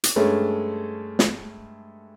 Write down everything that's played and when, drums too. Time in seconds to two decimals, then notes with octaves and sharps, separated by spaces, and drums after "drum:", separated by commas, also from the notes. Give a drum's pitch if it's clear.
0.04 drum: hi-hat
0.16 G2 G#3 A3 C#4
1.19 drum: snare